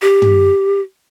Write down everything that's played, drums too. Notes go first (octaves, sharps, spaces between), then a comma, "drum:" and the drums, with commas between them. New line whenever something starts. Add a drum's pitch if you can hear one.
G4
drum: tom